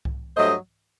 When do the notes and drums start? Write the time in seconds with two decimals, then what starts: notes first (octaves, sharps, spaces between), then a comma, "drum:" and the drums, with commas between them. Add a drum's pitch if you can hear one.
0.05 drum: kick C2
0.37 G2 F#3 A3 C5 D#5